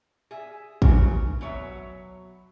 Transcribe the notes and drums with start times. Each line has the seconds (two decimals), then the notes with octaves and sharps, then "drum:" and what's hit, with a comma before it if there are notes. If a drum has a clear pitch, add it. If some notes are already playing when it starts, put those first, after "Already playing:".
0.31 G#4 E5
0.82 C#3 E3 C#4 A#4, drum: kick
1.41 B2 F#3 C#5 E5